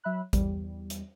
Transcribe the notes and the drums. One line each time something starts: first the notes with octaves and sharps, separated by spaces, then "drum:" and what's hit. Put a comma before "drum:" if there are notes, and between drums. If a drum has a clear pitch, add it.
F#3 E5 B5 F#6
E2 G3, drum: kick, hi-hat
drum: hi-hat